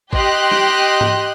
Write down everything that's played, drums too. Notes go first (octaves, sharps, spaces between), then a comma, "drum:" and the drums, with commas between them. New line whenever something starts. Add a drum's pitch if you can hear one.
G4 D#5 C6 F#6, drum: kick A1
drum: snare
drum: tom G#2